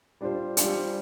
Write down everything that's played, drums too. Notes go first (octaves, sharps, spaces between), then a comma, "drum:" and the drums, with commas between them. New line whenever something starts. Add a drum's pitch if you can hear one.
G3 D4 F4 C5
G3 D4 F4 C5, drum: hi-hat